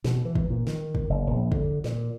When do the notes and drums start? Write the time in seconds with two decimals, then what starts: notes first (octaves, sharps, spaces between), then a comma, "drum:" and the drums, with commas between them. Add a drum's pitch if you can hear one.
0.04 B2, drum: snare
0.25 E3
0.35 drum: kick
0.50 A#2
0.67 D#3, drum: snare
0.95 drum: kick
1.10 F#1
1.30 A#1
1.52 D3, drum: kick
1.84 A#2, drum: snare